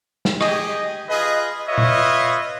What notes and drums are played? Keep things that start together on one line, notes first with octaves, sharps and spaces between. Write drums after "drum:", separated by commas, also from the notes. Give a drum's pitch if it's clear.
drum: snare
G4 G#4 D#5, drum: rim click
F4 G#4 B4 D#5
F4 B4 C#5 D#5 E5
drum: tom A#2